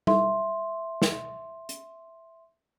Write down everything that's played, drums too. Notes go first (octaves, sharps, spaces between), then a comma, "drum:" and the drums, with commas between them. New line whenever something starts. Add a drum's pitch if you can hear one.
E5 C6, drum: tom G3
drum: snare
drum: hi-hat